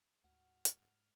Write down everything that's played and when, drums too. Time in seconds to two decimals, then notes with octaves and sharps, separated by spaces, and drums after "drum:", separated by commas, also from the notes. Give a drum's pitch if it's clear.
0.24 D2 G#2 F#4 F#5 F6
0.65 drum: hi-hat